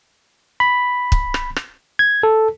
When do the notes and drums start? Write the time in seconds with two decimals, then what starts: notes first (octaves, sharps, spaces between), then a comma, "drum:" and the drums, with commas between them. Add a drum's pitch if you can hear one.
0.60 B5
1.12 drum: kick
1.34 drum: rim click
1.56 drum: rim click
1.99 G#6
2.23 A4